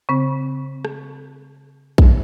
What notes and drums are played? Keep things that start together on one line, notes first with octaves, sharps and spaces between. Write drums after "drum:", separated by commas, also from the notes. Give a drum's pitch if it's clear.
C#3 C4
drum: rim click
drum: kick A#1